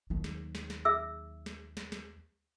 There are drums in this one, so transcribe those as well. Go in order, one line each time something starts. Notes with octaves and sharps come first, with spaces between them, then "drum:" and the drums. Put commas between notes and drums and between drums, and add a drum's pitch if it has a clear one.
D#2 F#3
drum: snare
drum: snare
drum: snare
G#4 E5 E6
drum: snare
drum: snare
drum: snare